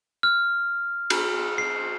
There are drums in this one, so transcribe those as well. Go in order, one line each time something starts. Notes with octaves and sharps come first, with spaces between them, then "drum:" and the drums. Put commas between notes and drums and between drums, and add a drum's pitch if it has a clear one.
F6
drum: cymbal
C7